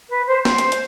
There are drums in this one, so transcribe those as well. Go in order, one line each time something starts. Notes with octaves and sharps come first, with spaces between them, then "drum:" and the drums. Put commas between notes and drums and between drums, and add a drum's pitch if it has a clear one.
B4
C5
C5, drum: snare
drum: hi-hat
drum: hi-hat